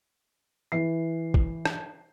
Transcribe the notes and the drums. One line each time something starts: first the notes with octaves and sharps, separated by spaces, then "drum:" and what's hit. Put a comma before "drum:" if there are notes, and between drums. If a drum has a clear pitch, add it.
E3 C7
drum: kick A#1
drum: rim click